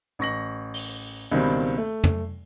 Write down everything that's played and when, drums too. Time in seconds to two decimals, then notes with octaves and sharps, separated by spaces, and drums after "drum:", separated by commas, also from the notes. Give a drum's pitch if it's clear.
0.19 A1 C#6 A#6 F#7
0.74 drum: open hi-hat
1.31 C#2 B2 D#3 G3 C4
1.78 A3
2.04 drum: tom